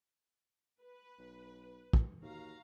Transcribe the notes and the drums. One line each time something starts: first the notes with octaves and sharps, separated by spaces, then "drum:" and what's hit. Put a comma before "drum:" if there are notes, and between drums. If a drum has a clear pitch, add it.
B4
B1
drum: kick
D#2 F#4 F5 A#5